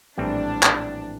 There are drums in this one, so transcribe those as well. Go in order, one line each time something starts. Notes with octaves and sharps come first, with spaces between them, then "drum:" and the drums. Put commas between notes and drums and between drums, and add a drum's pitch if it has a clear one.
A#1 A2 E3 G3 C4 D4
drum: clap